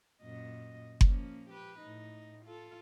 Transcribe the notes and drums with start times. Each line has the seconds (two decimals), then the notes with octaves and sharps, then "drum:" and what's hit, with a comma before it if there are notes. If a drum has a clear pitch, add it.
0.22 F#2 A#2 D#5
1.01 F3 A#3 C#4, drum: kick F#1
1.49 G4 B4
1.80 A2 D#4
2.45 F4 A4